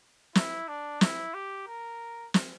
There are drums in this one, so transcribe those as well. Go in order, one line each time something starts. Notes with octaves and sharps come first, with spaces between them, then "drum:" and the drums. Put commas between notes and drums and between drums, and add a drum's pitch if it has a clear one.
E4, drum: snare
D4
E4, drum: snare
G4
A#4
drum: snare